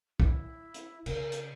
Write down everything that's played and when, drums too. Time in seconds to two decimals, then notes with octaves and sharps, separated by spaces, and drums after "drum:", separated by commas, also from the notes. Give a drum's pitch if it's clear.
0.20 E4, drum: kick
0.74 drum: hi-hat
1.06 C#3 A#4, drum: cymbal
1.32 drum: hi-hat